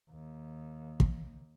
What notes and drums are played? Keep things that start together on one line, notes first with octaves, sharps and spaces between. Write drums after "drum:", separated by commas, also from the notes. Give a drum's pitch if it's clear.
D#2
drum: kick